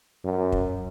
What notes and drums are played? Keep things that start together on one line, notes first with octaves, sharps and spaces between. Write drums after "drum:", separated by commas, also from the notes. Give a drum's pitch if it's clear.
F#2
drum: kick